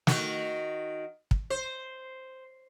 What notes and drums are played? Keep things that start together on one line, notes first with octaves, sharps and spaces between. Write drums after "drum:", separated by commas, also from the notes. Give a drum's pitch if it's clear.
D#3 F#4, drum: snare
drum: kick
C5